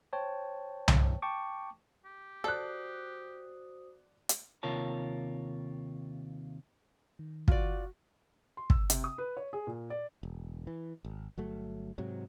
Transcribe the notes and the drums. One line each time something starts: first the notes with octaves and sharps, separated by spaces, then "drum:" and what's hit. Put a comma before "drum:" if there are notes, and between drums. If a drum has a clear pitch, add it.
C5 C#5 G5 A5
drum: tom C2
G5 A5 C#6 D6
G4
F#4 A4 C5 D5 D#6 F#6
drum: hi-hat
D#2 C3 F4 A#4 C#5 A5
D#3
F4 F#4 D5, drum: kick
C6
E6, drum: kick
C3, drum: hi-hat
D#6
B4
C#5
G#4
A#2
D5
E1
E3
G#1
G1 F#3 A3
G#2 C3 F#3